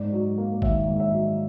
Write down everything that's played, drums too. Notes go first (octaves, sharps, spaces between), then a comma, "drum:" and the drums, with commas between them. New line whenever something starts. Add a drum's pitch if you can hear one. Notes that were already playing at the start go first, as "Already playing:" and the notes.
Already playing: G#2 D5
F#3
A#3
D#3 E5, drum: kick
G#2
E5
F#3